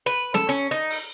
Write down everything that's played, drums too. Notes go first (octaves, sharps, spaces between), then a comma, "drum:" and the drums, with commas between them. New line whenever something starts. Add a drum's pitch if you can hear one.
B4
A4, drum: snare
C#4, drum: hi-hat
D#4
drum: open hi-hat